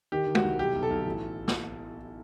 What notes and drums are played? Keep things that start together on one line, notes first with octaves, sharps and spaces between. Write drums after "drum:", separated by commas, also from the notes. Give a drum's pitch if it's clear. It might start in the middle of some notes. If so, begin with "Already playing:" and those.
D#3 G4
D#3
F#4, drum: tom
C2
B1 G4
B1
A4
B1
A1
drum: snare